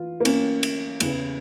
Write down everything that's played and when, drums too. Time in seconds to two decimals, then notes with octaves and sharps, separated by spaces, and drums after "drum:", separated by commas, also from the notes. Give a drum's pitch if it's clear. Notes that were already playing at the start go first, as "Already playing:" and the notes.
Already playing: E3 F4
0.20 A#3
0.25 C#4, drum: cymbal
0.63 drum: cymbal
1.00 E2 C#3 E3, drum: cymbal